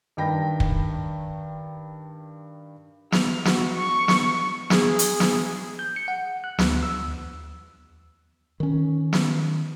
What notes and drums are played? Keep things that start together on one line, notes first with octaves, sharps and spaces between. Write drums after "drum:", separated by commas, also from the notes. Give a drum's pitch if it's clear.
G2 D#3 A#4 G5 B5 A#6
drum: kick
F6, drum: snare
F#4, drum: snare
C#6
drum: snare
G#4, drum: snare
drum: hi-hat
drum: snare
G6
C#7
F#5
F#6
D2, drum: snare
E6
D#2
D#3 C#4
drum: snare